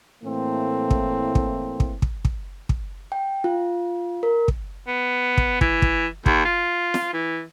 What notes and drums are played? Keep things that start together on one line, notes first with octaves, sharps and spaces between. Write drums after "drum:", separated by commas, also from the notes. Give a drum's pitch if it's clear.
A2 E3 A3 A#3 C4
drum: kick
drum: kick
drum: kick
drum: kick
drum: kick
drum: kick
G5
F4
A#4
drum: kick
B3
drum: kick
E3, drum: kick
drum: kick
D#2, drum: kick
F4
drum: snare
E3